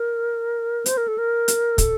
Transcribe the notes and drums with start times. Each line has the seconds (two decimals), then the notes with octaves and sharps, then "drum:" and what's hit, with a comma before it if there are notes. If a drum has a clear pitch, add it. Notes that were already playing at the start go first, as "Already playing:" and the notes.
Already playing: A#4
0.86 C5, drum: hi-hat
0.97 A#4
1.08 A4
1.18 A#4
1.48 drum: hi-hat
1.78 A4, drum: kick, hi-hat